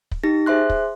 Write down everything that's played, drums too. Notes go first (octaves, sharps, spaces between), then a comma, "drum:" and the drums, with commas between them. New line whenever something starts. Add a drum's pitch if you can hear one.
drum: kick
D#4 G4 A#6
G#4 C5 E5 C6 F#6
drum: kick